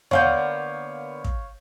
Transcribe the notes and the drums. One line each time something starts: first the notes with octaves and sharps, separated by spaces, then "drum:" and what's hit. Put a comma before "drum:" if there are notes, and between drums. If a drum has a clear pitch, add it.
D3 A#3 B3 C#5 F5 G6, drum: tom D#2
drum: kick